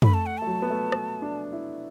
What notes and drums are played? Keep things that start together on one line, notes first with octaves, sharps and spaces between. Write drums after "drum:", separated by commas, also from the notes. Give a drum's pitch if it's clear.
A3 B5, drum: tom
A5
F#5
A3 A5
F#3
B3
A3
B3, drum: rim click
D4
E4